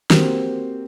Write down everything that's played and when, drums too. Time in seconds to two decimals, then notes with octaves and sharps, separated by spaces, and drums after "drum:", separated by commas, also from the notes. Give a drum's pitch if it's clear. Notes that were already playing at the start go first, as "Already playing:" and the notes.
0.10 A#3 C4 F#4 G4 C5, drum: snare